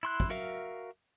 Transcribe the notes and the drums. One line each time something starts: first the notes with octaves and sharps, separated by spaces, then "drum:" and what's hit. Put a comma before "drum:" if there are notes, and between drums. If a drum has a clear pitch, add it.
E4 C6 F#6
drum: kick
F#4 A#4 E5 F5